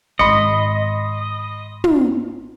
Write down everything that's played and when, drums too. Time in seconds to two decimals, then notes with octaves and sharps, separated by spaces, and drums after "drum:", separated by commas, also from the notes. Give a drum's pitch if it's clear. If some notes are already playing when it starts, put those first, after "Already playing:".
0.19 G#1 G#2 D#5 B5 C6 C#7
1.84 drum: tom